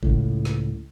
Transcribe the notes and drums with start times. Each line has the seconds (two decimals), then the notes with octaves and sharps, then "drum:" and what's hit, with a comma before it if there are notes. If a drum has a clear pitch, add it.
0.03 C#2 A2, drum: kick G1
0.45 drum: snare